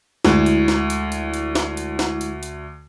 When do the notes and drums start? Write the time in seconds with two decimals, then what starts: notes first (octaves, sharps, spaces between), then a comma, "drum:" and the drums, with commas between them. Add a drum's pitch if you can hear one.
0.25 D2 G#3 E4, drum: snare
0.46 drum: hi-hat
0.68 drum: snare
0.90 drum: hi-hat
1.12 drum: hi-hat
1.34 drum: hi-hat
1.55 drum: snare
1.77 drum: hi-hat
1.99 drum: snare
2.21 drum: hi-hat
2.43 drum: hi-hat